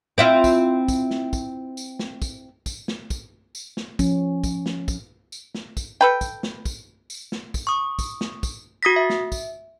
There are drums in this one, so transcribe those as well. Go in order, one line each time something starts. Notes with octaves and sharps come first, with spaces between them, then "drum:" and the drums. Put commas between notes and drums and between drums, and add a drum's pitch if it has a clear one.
C4 E4 F4
drum: kick, tambourine
drum: kick, tambourine
drum: snare
drum: kick, tambourine
drum: tambourine
drum: snare
drum: kick, tambourine
drum: kick, tambourine
drum: snare
drum: kick, tambourine
drum: tambourine
drum: snare
F3 C#4, drum: kick, tambourine
drum: kick, tambourine
drum: snare
drum: kick, tambourine
drum: tambourine
drum: snare
drum: kick, tambourine
A4 B4 G5
drum: kick, tambourine
drum: snare
drum: kick, tambourine
drum: tambourine
drum: snare
drum: kick, tambourine
C#6 D#6
drum: kick, tambourine
drum: snare
drum: kick, tambourine
F#4 D#6 A#6 B6
E5
drum: snare
drum: kick, tambourine